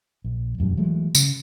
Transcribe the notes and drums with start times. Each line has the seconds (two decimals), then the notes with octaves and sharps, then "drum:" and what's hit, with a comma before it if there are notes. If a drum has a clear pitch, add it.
0.24 A#1
0.58 E1 F#2 A2 G3
0.77 E3 F#3 G#3 A3
1.15 C#3, drum: tambourine